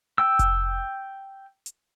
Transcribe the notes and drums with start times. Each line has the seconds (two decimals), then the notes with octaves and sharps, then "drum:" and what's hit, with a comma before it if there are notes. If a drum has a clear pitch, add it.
0.18 G5 E6
0.39 drum: kick F1, hi-hat
1.66 drum: hi-hat